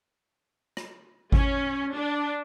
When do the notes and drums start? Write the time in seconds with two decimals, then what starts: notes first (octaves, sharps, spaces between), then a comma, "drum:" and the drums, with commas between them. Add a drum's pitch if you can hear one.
0.77 drum: rim click
1.32 C#4, drum: kick G#1
1.95 D4